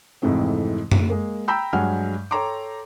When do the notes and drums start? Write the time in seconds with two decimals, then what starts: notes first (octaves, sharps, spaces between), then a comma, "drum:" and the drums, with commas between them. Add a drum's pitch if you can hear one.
0.22 F2 G#2 C3 E3 A3 C4
0.92 drum: tom F#2
1.10 G#3 A#3
1.48 G5 A#5 B5 E6 G6
1.73 G2 F#3 G#3 F#5 G#5 F6
2.31 A4 C#5 G5 A#5 C6 D6